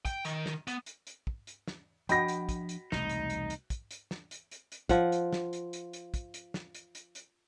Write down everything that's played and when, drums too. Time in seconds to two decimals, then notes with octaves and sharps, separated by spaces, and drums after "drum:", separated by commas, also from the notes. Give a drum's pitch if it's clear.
0.05 G5, drum: kick, hi-hat
0.25 D#3, drum: hi-hat
0.46 drum: snare
0.67 B3, drum: hi-hat
0.86 drum: hi-hat
1.07 drum: hi-hat
1.27 drum: kick
1.47 drum: hi-hat
1.68 drum: snare
2.09 F3 D4 F#4 D#5 G5 B5 A#6, drum: hi-hat
2.28 drum: hi-hat
2.49 drum: kick, hi-hat
2.69 drum: hi-hat
2.92 E1 C2 A3 D#4, drum: snare
3.09 drum: hi-hat
3.30 drum: hi-hat
3.50 drum: hi-hat
3.70 drum: kick, hi-hat
3.91 drum: hi-hat
4.11 drum: snare
4.31 drum: hi-hat
4.51 drum: hi-hat
4.72 drum: hi-hat
4.89 F3 F#5, drum: kick, hi-hat
5.12 drum: hi-hat
5.33 drum: snare
5.53 drum: hi-hat
5.73 drum: hi-hat
5.93 drum: hi-hat
6.14 drum: kick, hi-hat
6.34 drum: hi-hat
6.54 drum: snare
6.75 drum: hi-hat
6.95 drum: hi-hat
7.15 drum: hi-hat